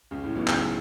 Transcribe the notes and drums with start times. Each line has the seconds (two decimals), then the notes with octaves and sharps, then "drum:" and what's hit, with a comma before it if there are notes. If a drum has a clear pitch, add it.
0.11 C#2 C#3
0.24 A2
0.35 B1 B2
0.48 C#2 C#3, drum: clap